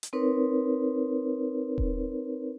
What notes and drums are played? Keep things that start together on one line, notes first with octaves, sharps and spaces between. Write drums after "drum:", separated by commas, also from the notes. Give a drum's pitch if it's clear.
drum: hi-hat
C4 D#4 A#4 B4 C#5
drum: kick D#1